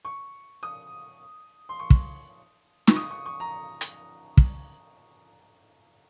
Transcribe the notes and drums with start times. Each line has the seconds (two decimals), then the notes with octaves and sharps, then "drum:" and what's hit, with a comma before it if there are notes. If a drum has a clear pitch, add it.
0.05 C#6
0.63 D#6
1.69 C6
1.79 C#6
1.90 drum: kick
2.87 C#6, drum: snare
2.96 D#6
3.11 C#6
3.26 C#6
3.40 A#5
3.81 drum: hi-hat
4.37 drum: kick